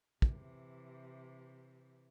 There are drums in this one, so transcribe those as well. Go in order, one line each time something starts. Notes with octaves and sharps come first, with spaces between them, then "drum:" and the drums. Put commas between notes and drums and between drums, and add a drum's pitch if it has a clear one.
C3 E3, drum: kick